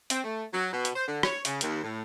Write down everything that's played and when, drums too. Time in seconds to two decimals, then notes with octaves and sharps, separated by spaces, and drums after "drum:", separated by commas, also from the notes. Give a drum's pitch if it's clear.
0.10 C4, drum: hi-hat
0.24 A3
0.53 F#3
0.72 B2
0.85 drum: hi-hat
0.94 C5
1.07 D3
1.23 C#5, drum: rim click
1.45 C#3, drum: hi-hat
1.61 D#2, drum: hi-hat
1.84 A2